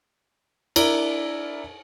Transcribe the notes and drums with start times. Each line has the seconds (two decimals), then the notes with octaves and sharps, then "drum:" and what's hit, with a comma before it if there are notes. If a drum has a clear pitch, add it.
0.76 D4 E4 A#4, drum: cymbal